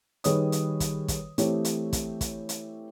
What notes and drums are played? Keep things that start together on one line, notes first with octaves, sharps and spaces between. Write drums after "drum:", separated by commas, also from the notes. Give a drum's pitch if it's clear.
D#3 G3 G#4 B4 C#5 D#6, drum: hi-hat
drum: hi-hat
drum: kick, hi-hat
drum: kick, hi-hat
E3 A3 C4 G4 C#5, drum: hi-hat
drum: hi-hat
drum: kick, hi-hat
drum: kick, hi-hat
drum: hi-hat